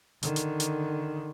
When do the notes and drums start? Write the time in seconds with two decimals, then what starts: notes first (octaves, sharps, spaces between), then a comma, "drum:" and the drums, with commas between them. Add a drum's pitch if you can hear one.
0.23 D3 D#3, drum: hi-hat
0.36 drum: hi-hat
0.60 drum: hi-hat